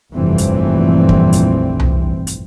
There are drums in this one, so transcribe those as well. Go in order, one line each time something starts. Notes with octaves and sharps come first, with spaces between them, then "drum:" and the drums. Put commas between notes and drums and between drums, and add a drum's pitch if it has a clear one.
F1 A#1 G2 E3 C4
drum: hi-hat
drum: kick
drum: hi-hat
drum: tom C2
drum: hi-hat